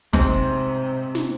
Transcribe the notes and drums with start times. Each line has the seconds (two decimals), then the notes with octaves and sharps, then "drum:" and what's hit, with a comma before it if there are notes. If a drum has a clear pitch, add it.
0.13 G#2 C3 C4, drum: kick
1.15 drum: snare